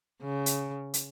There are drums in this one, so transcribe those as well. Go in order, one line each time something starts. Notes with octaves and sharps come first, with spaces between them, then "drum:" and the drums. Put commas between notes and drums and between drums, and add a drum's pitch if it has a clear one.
C#3
drum: hi-hat
drum: hi-hat